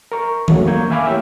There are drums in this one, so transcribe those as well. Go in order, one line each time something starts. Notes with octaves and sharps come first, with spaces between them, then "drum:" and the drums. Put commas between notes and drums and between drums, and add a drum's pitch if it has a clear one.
A#4 C#6
F2 F#3 A3 A#3, drum: tom D#3
A#3 D4 C#6 G6 G#6
E5 F5 G#5 B5 D6 F6
A3 A#3 E4 G4 C#5 E5